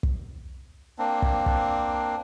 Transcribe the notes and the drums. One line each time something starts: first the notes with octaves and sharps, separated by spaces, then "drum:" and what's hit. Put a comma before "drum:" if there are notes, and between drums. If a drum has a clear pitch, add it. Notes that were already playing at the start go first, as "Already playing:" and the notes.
drum: kick
A#3 C4 D4
drum: kick
drum: kick